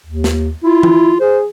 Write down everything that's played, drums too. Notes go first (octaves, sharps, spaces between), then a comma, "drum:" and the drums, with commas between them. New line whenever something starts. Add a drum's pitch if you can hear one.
D#2
drum: snare
E4 F4
drum: tom E3
G#4 C5